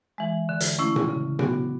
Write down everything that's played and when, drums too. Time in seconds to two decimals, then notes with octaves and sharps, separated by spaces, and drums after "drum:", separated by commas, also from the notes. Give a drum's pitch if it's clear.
0.18 E3 G#3
0.49 D3
0.60 drum: hi-hat
0.79 A3 C#4 E4
0.96 drum: tom A#2
1.09 C#3
1.39 F#3 B3 D4 F#4, drum: tom A#2